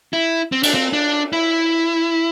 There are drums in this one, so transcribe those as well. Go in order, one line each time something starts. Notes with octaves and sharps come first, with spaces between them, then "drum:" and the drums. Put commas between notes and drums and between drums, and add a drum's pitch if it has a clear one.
E4
C4
D4, drum: cymbal
C4
D4
E4